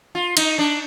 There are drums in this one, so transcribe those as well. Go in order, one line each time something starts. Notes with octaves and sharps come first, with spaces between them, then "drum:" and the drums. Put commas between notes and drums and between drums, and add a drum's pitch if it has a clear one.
F4
D#4, drum: cymbal
D4